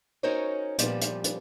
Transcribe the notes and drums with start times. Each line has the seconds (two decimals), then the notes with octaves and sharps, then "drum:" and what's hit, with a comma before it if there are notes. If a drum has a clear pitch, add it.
0.23 C#4 D#4 F#4 A#4 C5 C#5
0.78 A#2 F3 G3 B3, drum: hi-hat
1.01 drum: hi-hat
1.24 drum: hi-hat